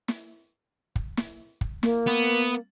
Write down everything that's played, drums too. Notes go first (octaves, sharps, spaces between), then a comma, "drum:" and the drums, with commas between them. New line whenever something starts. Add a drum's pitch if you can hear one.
drum: snare
drum: kick
drum: snare
drum: kick
A#3, drum: snare
B3